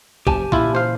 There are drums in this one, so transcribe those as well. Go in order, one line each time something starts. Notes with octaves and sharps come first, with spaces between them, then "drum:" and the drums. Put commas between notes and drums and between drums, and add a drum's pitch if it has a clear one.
F#1 G4 G#5 A5, drum: kick
A#2 C#3 E3 E4 F4, drum: kick
C5 F5